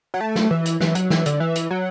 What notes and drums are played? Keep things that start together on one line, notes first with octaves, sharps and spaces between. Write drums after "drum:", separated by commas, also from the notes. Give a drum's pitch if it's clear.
F#3
A3
drum: snare
E3
drum: hi-hat
E3, drum: snare
F#3, drum: hi-hat
E3, drum: snare
D3, drum: hi-hat
E3
drum: hi-hat
F#3